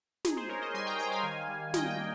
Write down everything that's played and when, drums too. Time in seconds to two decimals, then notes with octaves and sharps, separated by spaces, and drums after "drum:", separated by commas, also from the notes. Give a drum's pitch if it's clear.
0.25 D#4 G#4, drum: snare
0.37 G#4 C5
0.49 D#4 A#4 C#5
0.62 C5 D#5
0.74 G3 G#5 C6
0.87 G5 A#5
0.99 D#4 G5 A#5
1.11 F5 G#5
1.23 D#3
1.48 G3
1.74 D#3 D#5 G5, drum: snare
1.90 D#5 G5
1.98 A#3